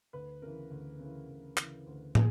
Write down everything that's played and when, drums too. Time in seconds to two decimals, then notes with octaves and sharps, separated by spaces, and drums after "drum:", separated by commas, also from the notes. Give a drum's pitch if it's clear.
0.13 D2 B4
0.42 C#3 E3 A#4
0.71 D2
0.99 C#3 E3
1.29 D2
1.57 C#3 E3, drum: clap
1.86 D2
2.15 E3 G#4, drum: tom